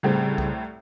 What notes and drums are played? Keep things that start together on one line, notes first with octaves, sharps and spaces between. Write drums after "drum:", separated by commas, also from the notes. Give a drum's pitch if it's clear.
C2 A2 C#3 G3 C4 G#4
drum: kick C2